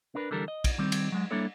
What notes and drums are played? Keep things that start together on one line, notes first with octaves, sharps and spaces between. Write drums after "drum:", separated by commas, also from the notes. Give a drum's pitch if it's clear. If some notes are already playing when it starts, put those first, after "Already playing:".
D4 A#4 B4
D3 E3 G3 A4 A#4
D#5
drum: kick, cymbal
D#3 G3 C4
drum: cymbal
F#3 G#3
G3 A#3 D4 E4 A4 C#5